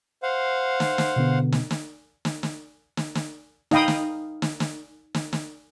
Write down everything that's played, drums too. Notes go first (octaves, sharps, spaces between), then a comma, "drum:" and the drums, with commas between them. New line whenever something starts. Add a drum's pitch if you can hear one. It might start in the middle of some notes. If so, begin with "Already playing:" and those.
C5 F5 F#5
drum: snare
drum: snare
B2 D3 B3
drum: snare
drum: snare
drum: snare
drum: snare
drum: snare
drum: snare
D#4 D#5 F5 G5 B5 D#6, drum: snare
drum: snare
drum: snare
drum: snare
drum: snare
drum: snare